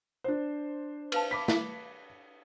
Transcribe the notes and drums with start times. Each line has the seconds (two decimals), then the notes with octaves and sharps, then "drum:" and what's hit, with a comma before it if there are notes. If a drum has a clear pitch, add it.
0.24 D4 C5
1.12 B4 F5 A5, drum: cymbal
1.31 E5 B5 D6 B6
1.48 drum: snare E4